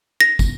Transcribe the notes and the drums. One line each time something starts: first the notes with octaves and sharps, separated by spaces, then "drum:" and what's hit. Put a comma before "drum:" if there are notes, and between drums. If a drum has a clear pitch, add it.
A#6
drum: kick, tambourine